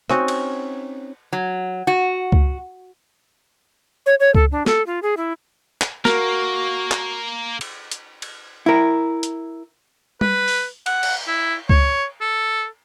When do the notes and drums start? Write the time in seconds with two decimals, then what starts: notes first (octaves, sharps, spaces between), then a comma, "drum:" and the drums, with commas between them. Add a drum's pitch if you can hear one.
0.10 C4 C#4 D#4 F#4, drum: rim click
0.28 drum: cymbal
1.33 F#3
1.87 F#4
2.32 drum: kick C#2
4.06 C#5
4.20 C#5
4.35 A4, drum: kick C#2
4.52 D4
4.66 A4, drum: snare
4.86 F4
5.03 G#4
5.17 E4
5.81 drum: clap
6.05 A#3 F#4 A#4, drum: snare
6.91 drum: clap
7.61 drum: cymbal
7.91 drum: hi-hat
8.22 drum: cymbal
8.66 E4 A#4
9.23 drum: hi-hat
10.21 B4, drum: tom G3
10.48 drum: open hi-hat
10.86 F#5, drum: cymbal
11.03 drum: cymbal
11.27 E4
11.69 C#5, drum: kick C#2
12.21 A4